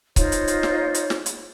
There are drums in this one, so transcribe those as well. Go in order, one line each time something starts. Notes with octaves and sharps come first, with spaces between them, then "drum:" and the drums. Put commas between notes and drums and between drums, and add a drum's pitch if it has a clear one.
D#4 F4 C5 C#5, drum: kick C#1, hi-hat
drum: hi-hat
drum: hi-hat
drum: snare
drum: hi-hat
drum: snare
drum: hi-hat